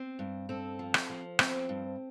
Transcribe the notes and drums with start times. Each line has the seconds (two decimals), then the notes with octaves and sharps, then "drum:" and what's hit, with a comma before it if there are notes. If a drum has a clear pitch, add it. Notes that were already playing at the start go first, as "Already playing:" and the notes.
Already playing: C4
0.19 G2
0.49 C4 A4
0.79 F3
0.94 drum: rim click
1.10 F3
1.39 C4, drum: rim click
1.69 G2